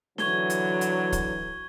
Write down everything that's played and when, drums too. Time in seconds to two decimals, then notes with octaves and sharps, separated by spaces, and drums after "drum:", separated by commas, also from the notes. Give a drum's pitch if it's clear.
0.18 D3 E3 F#3 C#6 G#6 G7, drum: snare
0.50 drum: hi-hat
0.81 drum: hi-hat
1.12 drum: kick, hi-hat